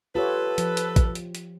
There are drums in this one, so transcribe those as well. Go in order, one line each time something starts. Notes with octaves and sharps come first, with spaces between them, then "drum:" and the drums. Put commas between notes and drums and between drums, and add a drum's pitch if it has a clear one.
F4 G4 A4 B4 C#5
F3, drum: hi-hat
drum: hi-hat
drum: kick, hi-hat
drum: hi-hat
drum: hi-hat